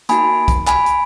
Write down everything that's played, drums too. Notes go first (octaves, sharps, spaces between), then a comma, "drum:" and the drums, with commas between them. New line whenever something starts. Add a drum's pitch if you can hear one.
A#3 D#4 F#4 G#5 B5, drum: hi-hat
drum: kick B1, hi-hat
G#5 B5, drum: clap
drum: hi-hat